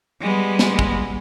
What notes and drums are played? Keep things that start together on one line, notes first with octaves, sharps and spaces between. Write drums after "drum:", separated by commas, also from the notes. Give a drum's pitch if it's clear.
G3 G#3 B3
drum: snare A#3
drum: kick